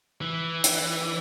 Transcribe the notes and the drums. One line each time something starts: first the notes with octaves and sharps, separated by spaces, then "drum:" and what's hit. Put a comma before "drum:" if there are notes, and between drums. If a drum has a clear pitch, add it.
E3
drum: hi-hat